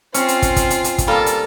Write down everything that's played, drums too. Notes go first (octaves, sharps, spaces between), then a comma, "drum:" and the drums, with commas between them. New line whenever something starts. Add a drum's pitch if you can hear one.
C4 C#4 F4, drum: hi-hat
drum: hi-hat
drum: kick, hi-hat
drum: kick, hi-hat
drum: hi-hat
drum: hi-hat
drum: kick, hi-hat
G3 A#3 F4 A4
drum: hi-hat